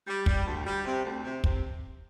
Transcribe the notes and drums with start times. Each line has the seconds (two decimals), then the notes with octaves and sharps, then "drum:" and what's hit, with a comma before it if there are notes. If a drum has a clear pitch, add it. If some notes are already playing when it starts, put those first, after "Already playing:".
0.07 G3
0.26 G3, drum: kick
0.46 D2
0.66 G3
0.85 C3
1.04 D2
1.24 C3
1.44 C3, drum: kick